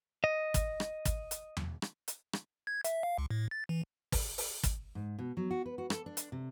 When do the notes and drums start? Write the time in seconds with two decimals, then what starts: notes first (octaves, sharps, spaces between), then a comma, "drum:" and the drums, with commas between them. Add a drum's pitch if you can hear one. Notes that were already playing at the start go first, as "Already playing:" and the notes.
0.24 D#5
0.54 drum: kick, hi-hat
0.80 drum: rim click
1.05 drum: kick, hi-hat
1.31 drum: hi-hat
1.57 drum: tom E2
1.82 drum: rim click
2.08 drum: hi-hat
2.33 drum: rim click
2.67 G#6
2.84 E5, drum: hi-hat
3.03 F5
3.18 C#2
3.31 A2
3.51 A6
3.69 E3
4.12 drum: kick, open hi-hat
4.38 drum: open hi-hat
4.63 drum: kick, hi-hat
4.95 G#2
5.19 B2
5.37 F#3
5.51 F#4
5.66 B4
5.78 F#4
5.90 A4, drum: rim click
6.06 D4
6.17 drum: hi-hat
6.32 C3